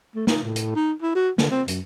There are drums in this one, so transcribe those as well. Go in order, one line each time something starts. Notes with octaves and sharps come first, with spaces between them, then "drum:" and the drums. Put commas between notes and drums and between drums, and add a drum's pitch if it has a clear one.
A3
D#4, drum: snare
A2
drum: hi-hat
D#4
E4
F#4
D3, drum: snare
C4
F#2, drum: hi-hat